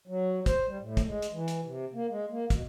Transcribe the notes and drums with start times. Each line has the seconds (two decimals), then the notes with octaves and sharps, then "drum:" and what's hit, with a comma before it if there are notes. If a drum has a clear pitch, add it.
0.08 F#3
0.46 C5, drum: kick, hi-hat
0.67 G3
0.79 A2
0.97 drum: kick, hi-hat
1.06 G#3
1.22 drum: hi-hat
1.33 E3
1.48 drum: hi-hat
1.64 C3
1.94 A#3
2.10 G#3
2.31 A#3
2.50 B2, drum: kick, hi-hat